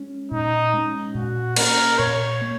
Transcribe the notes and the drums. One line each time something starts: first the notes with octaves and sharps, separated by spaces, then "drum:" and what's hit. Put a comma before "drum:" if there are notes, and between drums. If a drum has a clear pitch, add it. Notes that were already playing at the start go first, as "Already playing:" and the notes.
Already playing: G#3 C#4
A#2 D#4
G#3 C#4
A#2 F#4
A#3 C#4 A#4, drum: cymbal
A#2 C#5
A#3